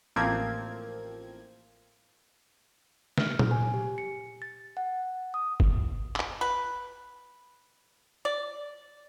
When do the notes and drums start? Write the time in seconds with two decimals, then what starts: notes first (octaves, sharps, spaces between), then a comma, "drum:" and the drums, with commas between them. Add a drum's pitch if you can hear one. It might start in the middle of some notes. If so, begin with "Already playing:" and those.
0.16 A1 F3 A#3 C4 G#6
3.18 F6, drum: snare
3.39 drum: tom A#2
3.51 G#5
3.74 G4
3.98 C#7
4.42 A6
4.77 F#5
5.34 D#6
5.60 drum: kick
6.16 drum: clap
6.41 B4
8.25 D5